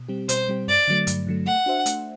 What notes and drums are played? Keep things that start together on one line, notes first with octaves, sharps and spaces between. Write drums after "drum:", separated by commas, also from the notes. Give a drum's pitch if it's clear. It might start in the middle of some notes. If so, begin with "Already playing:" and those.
Already playing: B2
G3 C4 G4
B2 C5, drum: hi-hat
G3 C4 G4
G2 D5
D3 F#3 A3
G2, drum: hi-hat
D3 F#3 A3
A3 F#5
D4 F#4 C5 E5
A3, drum: hi-hat